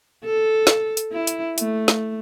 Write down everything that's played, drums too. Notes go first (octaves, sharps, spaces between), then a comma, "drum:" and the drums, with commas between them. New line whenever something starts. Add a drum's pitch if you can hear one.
A4
drum: snare
drum: hi-hat
E4
drum: hi-hat
A3, drum: hi-hat
drum: snare